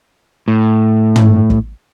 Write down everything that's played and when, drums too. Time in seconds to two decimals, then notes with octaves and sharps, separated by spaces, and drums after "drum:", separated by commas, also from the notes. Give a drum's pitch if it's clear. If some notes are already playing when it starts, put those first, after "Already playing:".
0.48 A2
1.16 drum: tom
1.50 drum: kick